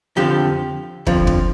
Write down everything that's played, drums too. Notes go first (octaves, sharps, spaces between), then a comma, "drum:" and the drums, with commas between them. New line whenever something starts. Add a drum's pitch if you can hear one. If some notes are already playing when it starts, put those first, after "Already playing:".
F2 D3 F3 G4
F2 D3 F3, drum: kick
drum: kick